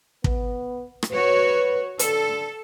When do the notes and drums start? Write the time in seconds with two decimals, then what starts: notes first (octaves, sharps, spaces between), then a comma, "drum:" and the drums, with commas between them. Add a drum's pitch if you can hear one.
0.24 B3, drum: kick
1.03 drum: rim click
1.12 F#4 B4 C#5
1.99 D3 A4, drum: hi-hat